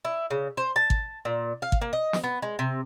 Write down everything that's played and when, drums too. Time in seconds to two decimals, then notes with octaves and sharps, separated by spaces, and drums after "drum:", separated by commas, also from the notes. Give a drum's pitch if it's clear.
0.05 E4
0.30 C#3
0.57 C5
0.76 A5
0.90 drum: kick
1.25 A#2
1.62 F5
1.72 drum: kick
1.81 A#3
1.93 D#5
2.13 drum: snare
2.24 B3
2.42 G#3
2.59 C3